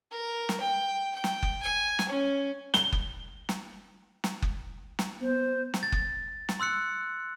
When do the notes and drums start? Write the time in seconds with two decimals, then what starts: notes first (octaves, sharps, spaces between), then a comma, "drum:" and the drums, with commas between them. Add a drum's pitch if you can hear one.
0.11 A#4
0.49 drum: snare
0.60 G5
1.14 G5
1.24 drum: snare
1.43 drum: kick F#1
1.62 G#5
1.99 drum: snare
2.08 C#4
2.74 G7, drum: snare
2.92 drum: kick F#1
3.49 drum: snare
4.24 drum: snare
4.42 drum: kick F#1
4.99 drum: snare
5.21 B3 C5
5.74 drum: snare
5.83 A6
5.92 drum: kick F#1
6.49 drum: snare
6.60 C6 E6 F#6 C#7